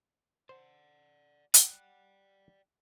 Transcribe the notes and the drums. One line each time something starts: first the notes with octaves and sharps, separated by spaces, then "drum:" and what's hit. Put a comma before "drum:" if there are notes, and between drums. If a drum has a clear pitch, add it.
C5 D5 F#5
D5 F#5 G5, drum: hi-hat